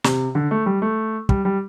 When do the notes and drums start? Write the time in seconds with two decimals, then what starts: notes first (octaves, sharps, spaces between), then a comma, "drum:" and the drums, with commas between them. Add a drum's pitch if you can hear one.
0.04 C3, drum: snare
0.35 D3
0.51 A3
0.66 G3
0.82 A3
1.29 G3, drum: kick
1.45 G3